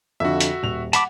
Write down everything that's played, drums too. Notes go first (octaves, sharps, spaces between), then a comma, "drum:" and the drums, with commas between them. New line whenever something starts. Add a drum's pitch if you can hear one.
F2 D3 F#4 E5
drum: hi-hat
D#1 F7
F#5 A5 B5 D6, drum: hi-hat